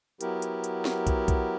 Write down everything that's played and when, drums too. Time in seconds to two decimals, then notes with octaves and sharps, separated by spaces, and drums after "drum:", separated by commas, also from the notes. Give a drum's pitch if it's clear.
0.21 F#3 B3 E4 G4 A#4, drum: hi-hat
0.42 drum: hi-hat
0.64 drum: hi-hat
0.85 drum: snare
1.07 drum: kick, hi-hat
1.28 drum: kick, hi-hat